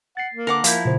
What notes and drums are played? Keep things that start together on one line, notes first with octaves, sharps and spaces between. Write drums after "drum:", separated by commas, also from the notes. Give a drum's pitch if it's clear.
F#5 A6 C7
A#3
D3 A#4 F#5 D6
F3 E4 F5 G6, drum: hi-hat
A#2 C#3 C5